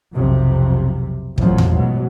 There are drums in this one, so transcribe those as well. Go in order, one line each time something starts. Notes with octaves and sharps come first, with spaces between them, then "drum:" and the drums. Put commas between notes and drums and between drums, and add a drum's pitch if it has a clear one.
B1 F2 C3
A1 F2 A#2 F3 F#3, drum: kick
drum: tom E2
G#2 B2 F#3